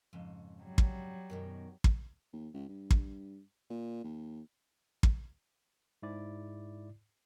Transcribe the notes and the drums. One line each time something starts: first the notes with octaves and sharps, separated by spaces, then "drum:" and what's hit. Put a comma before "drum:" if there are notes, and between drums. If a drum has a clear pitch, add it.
F2 G#2 C#3
F#3 G3
drum: kick
F#2 B2 D#3
drum: kick
D#2
C#2
G2
drum: kick
A#2
D#2
drum: kick
G#2 E4 D5